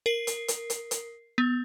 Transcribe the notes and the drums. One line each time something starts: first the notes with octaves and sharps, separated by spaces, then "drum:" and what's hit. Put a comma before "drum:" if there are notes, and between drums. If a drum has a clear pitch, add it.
A#4 C7
drum: hi-hat
drum: hi-hat
drum: hi-hat
drum: hi-hat
B3